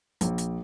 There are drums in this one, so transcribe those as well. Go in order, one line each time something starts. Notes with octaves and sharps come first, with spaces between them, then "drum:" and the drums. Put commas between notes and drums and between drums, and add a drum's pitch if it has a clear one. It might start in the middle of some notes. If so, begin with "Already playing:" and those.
A#1, drum: hi-hat
drum: hi-hat